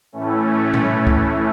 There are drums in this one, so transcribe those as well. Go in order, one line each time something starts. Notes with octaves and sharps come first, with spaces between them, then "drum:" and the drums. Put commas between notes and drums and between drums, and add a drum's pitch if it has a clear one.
A2 E3 A3 C#4
A2 E3, drum: tom A#2
drum: kick C2